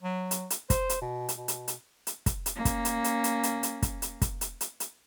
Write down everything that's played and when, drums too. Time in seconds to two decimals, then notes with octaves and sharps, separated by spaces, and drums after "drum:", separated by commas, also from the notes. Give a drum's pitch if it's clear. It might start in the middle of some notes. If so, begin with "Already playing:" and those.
0.03 F#3
0.31 drum: hi-hat
0.50 drum: hi-hat
0.70 C5, drum: kick, hi-hat
0.89 drum: hi-hat
1.02 B2
1.29 drum: hi-hat
1.38 B2
1.48 drum: hi-hat
1.68 drum: hi-hat
2.07 drum: hi-hat
2.26 drum: kick, hi-hat
2.46 drum: hi-hat
2.56 A#3 C#4
2.65 drum: kick, hi-hat
2.85 drum: hi-hat
3.04 drum: hi-hat
3.24 drum: hi-hat
3.43 drum: hi-hat
3.63 drum: hi-hat
3.82 drum: kick, hi-hat
4.02 drum: hi-hat
4.22 drum: kick, hi-hat
4.41 drum: hi-hat
4.61 drum: hi-hat
4.80 drum: hi-hat